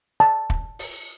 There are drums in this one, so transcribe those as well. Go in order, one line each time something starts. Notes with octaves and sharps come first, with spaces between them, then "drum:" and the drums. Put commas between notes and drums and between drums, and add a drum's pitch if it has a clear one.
A5
drum: kick
drum: open hi-hat